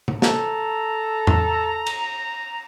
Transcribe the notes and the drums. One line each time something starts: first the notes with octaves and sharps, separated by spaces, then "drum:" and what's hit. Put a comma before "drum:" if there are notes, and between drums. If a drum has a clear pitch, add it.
drum: tom C3
A4 A#5, drum: snare
drum: tom E2
drum: cymbal